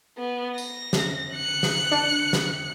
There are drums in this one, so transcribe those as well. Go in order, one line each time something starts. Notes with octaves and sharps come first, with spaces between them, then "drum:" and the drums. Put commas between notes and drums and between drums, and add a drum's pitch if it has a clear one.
B3
A#6, drum: tambourine
drum: snare
F#6 C#7
drum: snare
D4
drum: snare